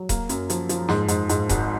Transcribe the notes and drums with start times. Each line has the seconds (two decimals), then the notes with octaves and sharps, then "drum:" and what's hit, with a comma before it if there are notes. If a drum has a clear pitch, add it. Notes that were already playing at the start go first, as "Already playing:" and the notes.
Already playing: F#3
0.09 A#3, drum: kick D#1, hi-hat
0.29 F#2, drum: hi-hat
0.50 F3, drum: hi-hat
0.69 F3, drum: hi-hat
0.89 G#2, drum: snare
1.08 G#2, drum: hi-hat
1.29 G#2, drum: hi-hat
1.49 G#1, drum: kick D#1, hi-hat